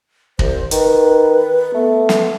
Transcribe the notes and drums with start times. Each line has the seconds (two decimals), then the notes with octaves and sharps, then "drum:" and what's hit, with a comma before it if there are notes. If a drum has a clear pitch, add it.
0.39 C2 C5, drum: kick
0.71 D#3 B4, drum: hi-hat
1.75 A3 B3
2.09 drum: snare